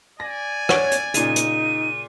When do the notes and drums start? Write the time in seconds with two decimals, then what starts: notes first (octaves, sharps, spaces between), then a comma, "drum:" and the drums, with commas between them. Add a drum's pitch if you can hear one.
0.20 D5 G#5 A#6
0.69 C#5 F#5 C#6 D7, drum: rim click
0.91 drum: hi-hat
1.14 A#2 C#3 D#4 D#7, drum: hi-hat
1.36 drum: hi-hat